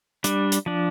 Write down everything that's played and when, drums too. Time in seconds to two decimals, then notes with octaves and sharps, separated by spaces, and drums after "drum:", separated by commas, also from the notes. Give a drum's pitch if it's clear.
0.24 G3 D4, drum: hi-hat
0.52 drum: hi-hat
0.66 F3 D4